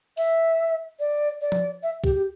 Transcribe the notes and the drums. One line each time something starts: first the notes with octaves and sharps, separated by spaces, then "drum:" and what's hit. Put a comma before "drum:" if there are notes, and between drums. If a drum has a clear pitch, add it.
E5, drum: open hi-hat
D5
D5
drum: tom F3
E5
G4, drum: kick C2
G4